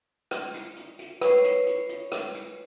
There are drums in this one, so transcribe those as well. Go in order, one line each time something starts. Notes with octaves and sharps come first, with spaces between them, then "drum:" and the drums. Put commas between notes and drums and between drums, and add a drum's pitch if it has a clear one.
drum: rim click
drum: hi-hat
drum: hi-hat
drum: hi-hat
B4 C#5 C7, drum: rim click
drum: hi-hat
drum: hi-hat
drum: hi-hat
drum: rim click
drum: hi-hat